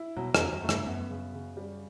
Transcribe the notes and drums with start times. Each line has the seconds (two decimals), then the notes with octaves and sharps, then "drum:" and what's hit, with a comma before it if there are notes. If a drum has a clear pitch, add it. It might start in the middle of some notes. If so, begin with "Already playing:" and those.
Already playing: E4
0.16 B2 F#3
0.35 F2, drum: rim click
0.40 F#3
0.52 F#2
0.63 A3
0.69 G2, drum: rim click
0.86 F#2 B3
1.10 C#3
1.34 C#3
1.57 G3